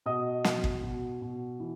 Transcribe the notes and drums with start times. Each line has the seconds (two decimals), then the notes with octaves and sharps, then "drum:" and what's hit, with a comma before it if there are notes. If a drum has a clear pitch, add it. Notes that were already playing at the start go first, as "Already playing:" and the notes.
0.06 B2 D#5 D#6
0.44 B2, drum: snare
0.64 drum: kick
0.83 B2
1.22 B2
1.60 E3